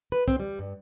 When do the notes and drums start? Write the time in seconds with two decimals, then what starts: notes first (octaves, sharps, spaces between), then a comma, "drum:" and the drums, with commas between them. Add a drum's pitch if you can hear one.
0.12 B4
0.28 C4, drum: kick, hi-hat
0.40 G3
0.59 G2